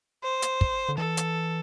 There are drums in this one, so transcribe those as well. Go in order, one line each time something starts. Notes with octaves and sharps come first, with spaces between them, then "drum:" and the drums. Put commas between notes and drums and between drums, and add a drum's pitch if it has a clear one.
C5
drum: hi-hat
drum: kick
D3
E3 A4
drum: hi-hat